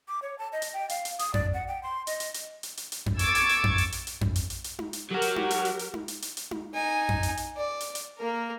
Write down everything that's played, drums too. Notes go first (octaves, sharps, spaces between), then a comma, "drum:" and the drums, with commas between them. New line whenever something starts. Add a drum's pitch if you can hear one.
D6
C#5
A5
D#5
drum: hi-hat
G5
F5, drum: hi-hat
drum: hi-hat
D#6, drum: hi-hat
D5, drum: tom F2
F#5
G5
C6
D#5, drum: hi-hat
drum: hi-hat
drum: hi-hat
drum: hi-hat
drum: hi-hat
drum: hi-hat
drum: tom F2
C#6 D6 E6 G#6 A6, drum: hi-hat
drum: hi-hat
drum: hi-hat
drum: tom F2
drum: hi-hat
drum: hi-hat
drum: hi-hat
drum: tom F2
drum: hi-hat
drum: hi-hat
drum: hi-hat
drum: tom D#4
drum: hi-hat
F#3 F#4 G4 A#4
drum: hi-hat
drum: tom D#4
drum: hi-hat
drum: hi-hat
drum: hi-hat
drum: tom D#4
drum: hi-hat
drum: hi-hat
drum: hi-hat
drum: tom D#4
D#4 G#5
drum: tom F2
drum: hi-hat
drum: hi-hat
D5
drum: hi-hat
drum: hi-hat
A#3 A#4